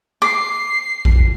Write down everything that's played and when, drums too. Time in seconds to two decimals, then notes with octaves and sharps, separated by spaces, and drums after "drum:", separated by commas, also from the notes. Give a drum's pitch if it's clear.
0.22 D6 C7
1.05 drum: kick A1